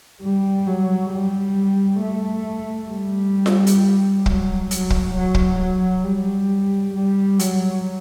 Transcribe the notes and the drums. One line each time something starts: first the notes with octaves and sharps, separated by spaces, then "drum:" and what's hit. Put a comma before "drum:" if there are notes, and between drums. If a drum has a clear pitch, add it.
G3
F#3
G3
A3
G3
drum: snare F4
drum: hi-hat
F#3, drum: kick
F#3, drum: hi-hat
drum: kick
F#3
drum: kick
F#3
G3
G3
F#3, drum: hi-hat